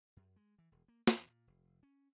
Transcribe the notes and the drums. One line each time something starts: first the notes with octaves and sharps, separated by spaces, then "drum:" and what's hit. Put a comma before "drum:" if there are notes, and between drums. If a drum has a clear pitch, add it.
F#2
G#3
E3
E1
A#3
E2, drum: snare
A#2
F1
C#4